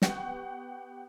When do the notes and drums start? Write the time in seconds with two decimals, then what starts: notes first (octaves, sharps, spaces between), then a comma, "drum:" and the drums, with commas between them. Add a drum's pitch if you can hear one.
0.02 B3 G4 F#5 C#6, drum: snare